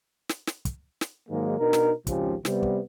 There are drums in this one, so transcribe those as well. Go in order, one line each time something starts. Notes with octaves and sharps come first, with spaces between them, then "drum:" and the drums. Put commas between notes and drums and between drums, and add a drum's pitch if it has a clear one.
drum: snare
drum: snare
drum: kick, hi-hat
drum: snare
G#2 D#3 F#3 G#3 A#3
B2 D4 D#4 A#4
drum: snare
G#1 C#2 C#3 F3 G#3 G4, drum: kick, hi-hat
C3 G3 B3, drum: snare
drum: kick